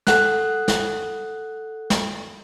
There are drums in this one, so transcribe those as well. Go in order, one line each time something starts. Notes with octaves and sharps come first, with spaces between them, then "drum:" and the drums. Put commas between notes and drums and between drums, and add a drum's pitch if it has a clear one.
A4 F#5 F#6, drum: snare
drum: snare
drum: snare